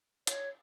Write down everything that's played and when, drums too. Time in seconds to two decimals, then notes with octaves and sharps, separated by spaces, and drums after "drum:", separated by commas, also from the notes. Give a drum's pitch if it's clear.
0.27 C#5, drum: hi-hat